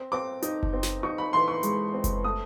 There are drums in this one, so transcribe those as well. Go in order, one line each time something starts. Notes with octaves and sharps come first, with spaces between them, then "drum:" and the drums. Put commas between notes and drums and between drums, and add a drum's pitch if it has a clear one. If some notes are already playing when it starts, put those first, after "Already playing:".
Already playing: C4
C4 D6
D#4, drum: hi-hat
drum: kick F#1
C4
drum: snare
D#4 C#6
B5
E3 C6
C#6
G#3, drum: hi-hat
C4
drum: kick F#1, hi-hat
A3 D#6